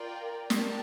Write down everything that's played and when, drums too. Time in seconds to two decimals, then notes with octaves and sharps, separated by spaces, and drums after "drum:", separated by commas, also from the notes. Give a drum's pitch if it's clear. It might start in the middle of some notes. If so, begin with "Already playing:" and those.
Already playing: F4 A#4 D5 G5
0.50 G4 A#4 D5 A5, drum: snare